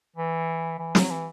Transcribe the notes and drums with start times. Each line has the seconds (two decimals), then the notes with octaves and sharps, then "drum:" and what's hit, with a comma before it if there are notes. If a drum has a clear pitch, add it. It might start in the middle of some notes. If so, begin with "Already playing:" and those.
0.16 E3
0.79 E3
0.95 F#3, drum: snare
1.11 E3